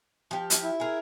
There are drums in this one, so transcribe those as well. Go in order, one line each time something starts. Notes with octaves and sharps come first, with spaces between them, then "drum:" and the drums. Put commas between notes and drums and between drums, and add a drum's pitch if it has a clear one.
F3 G4
drum: hi-hat
E4
G#4 A#4